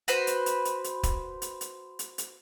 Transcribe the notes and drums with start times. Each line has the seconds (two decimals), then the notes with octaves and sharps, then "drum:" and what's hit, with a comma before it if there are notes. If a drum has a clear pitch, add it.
0.08 F#4 B4 C5, drum: hi-hat
0.27 drum: hi-hat
0.46 drum: hi-hat
0.65 drum: hi-hat
0.84 drum: hi-hat
1.03 drum: kick, hi-hat
1.42 drum: hi-hat
1.61 drum: hi-hat
1.99 drum: hi-hat
2.18 drum: hi-hat